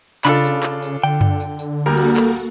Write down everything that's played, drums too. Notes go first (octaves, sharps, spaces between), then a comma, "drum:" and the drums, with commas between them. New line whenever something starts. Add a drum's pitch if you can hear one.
C#3 D4 F4 A4 B5, drum: clap
drum: tambourine
drum: clap
drum: tambourine
D3 G5
drum: tom F#2
drum: tambourine
drum: tambourine
D2 G3 A#3 F#4 A4 A#4
drum: tambourine
drum: clap